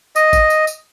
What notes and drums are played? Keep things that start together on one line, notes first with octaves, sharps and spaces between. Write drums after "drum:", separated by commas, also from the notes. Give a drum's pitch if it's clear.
D#5, drum: tambourine
drum: kick, tambourine
drum: tambourine
drum: tambourine